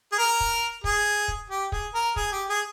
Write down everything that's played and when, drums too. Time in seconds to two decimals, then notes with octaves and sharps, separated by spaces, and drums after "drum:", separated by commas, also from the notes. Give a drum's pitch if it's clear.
0.12 G#4
0.19 A#4
0.40 drum: kick
0.84 G#4, drum: kick
1.28 drum: kick
1.50 G4
1.72 G#4, drum: kick
1.94 A#4
2.16 G#4, drum: kick
2.32 G4
2.49 G#4